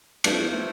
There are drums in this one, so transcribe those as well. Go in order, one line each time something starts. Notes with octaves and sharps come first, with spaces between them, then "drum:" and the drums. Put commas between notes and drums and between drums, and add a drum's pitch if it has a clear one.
G2 F3 A3, drum: cymbal
F2
E2
A3 C4